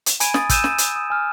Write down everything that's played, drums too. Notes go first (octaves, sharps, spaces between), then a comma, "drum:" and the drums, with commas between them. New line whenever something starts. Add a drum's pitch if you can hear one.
drum: hi-hat
G#5 B5 G#6 D7 D#7, drum: hi-hat
D#6 A6, drum: snare
E6 G6 D#7 E7, drum: kick, hi-hat
drum: snare
drum: hi-hat
D#6
G#5 F6